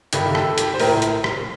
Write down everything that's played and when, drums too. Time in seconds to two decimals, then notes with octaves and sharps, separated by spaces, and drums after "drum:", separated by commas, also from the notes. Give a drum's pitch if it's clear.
0.13 G1 G2 D#3 G4, drum: hi-hat
0.35 A4, drum: rim click
0.58 G4, drum: hi-hat
0.74 C5
0.80 A#1 A2 A#4, drum: open hi-hat
1.02 drum: hi-hat
1.24 drum: rim click